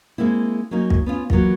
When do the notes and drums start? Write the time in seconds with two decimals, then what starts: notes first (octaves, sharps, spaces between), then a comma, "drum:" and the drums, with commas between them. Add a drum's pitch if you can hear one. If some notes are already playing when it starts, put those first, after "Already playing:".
0.18 G#3 A#3 C4 E4
0.71 F#3 A#3 C#4 D#4
0.90 drum: kick
1.06 B3 C#4 F4
1.30 E3 F#3 A#3 F4, drum: kick